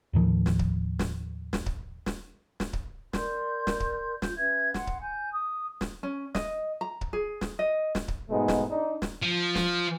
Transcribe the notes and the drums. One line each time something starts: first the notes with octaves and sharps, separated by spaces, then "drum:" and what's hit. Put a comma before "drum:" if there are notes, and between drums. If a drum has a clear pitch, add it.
D#2 A2 D#3 F3
drum: snare
drum: kick C#1
drum: snare
drum: snare
drum: kick C#1
drum: snare
drum: snare
drum: kick C#1
A#4 D5 C6 G6, drum: snare
drum: snare
drum: kick C#1
F4 G6, drum: snare
C#4 B4 E5 G#6
F#5 C6, drum: snare
drum: kick C#1
G#5 G6
D#6
drum: snare
C#4
D#5, drum: snare
A#5
drum: kick C#1
G#4
drum: snare
D#5
drum: snare
drum: kick C#1
G#2 B2 G#3 A3 B3 D#4
drum: snare
D4 D#4
drum: snare
F3
drum: snare